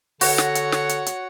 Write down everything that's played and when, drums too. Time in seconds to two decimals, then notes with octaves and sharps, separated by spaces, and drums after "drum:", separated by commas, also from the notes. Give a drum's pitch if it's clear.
0.21 D3 F#4 C#5 F#5, drum: open hi-hat
0.38 drum: snare
0.55 drum: hi-hat
0.72 drum: snare
0.89 drum: hi-hat
1.06 drum: hi-hat